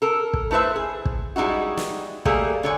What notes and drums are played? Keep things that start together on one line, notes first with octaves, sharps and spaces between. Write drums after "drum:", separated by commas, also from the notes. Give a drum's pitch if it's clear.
A4 A#4
drum: kick
A3 E4 B4 C5 E5
G#4
drum: kick
G3 G#3 D#4 E4 F#4
drum: snare
G3 A3 A#3 G#4 A#4, drum: kick
D3 C#5 G#5